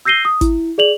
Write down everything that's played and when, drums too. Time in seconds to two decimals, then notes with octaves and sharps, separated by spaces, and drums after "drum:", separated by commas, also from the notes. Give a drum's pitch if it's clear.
0.05 E6 G6 A#6 C7 D#7 G7
0.25 D#6
0.41 E4, drum: kick, hi-hat
0.78 G#4 D5 F7 F#7